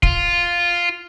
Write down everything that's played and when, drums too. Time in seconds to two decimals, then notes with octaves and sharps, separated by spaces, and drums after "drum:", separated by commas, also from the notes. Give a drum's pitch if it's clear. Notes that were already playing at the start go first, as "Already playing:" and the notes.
0.03 F4, drum: kick